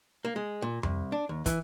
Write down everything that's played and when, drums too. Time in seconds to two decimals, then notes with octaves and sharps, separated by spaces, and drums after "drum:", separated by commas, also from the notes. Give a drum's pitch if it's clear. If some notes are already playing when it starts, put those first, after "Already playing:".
0.25 A#3
0.36 G#3
0.62 A#2
0.83 C2, drum: tom F2
1.12 D4
1.29 D#2
1.46 E3, drum: kick, hi-hat